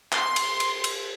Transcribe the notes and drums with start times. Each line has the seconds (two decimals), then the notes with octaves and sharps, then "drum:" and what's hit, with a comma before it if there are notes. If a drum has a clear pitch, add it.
0.12 C6, drum: clap
0.36 drum: cymbal
0.60 drum: cymbal
0.84 drum: cymbal